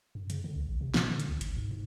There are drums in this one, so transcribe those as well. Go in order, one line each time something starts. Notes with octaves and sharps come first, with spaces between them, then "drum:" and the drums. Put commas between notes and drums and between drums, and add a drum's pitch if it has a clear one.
F#2
C#3, drum: hi-hat
D3
C#2
A#1
C3
A#2, drum: snare
D3
drum: hi-hat
C#2
G1, drum: hi-hat
G#2
G#2